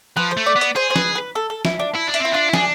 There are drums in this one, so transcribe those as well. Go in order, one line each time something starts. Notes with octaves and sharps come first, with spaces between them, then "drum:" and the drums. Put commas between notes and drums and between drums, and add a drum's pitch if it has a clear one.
F3 B4
C5
A3
D5
B3
D5, drum: hi-hat
G#4 C5
C5
B4, drum: snare
B4
A4
A4
E4, drum: snare
D4
E4
D4
E4, drum: hi-hat
C4
E4
D4 F4
E4
D4 G#4, drum: snare